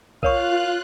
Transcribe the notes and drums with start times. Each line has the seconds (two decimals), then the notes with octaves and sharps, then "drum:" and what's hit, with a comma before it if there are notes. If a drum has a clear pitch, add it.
0.23 F4 A#4 C#5 F5 C#6 F#6, drum: kick B1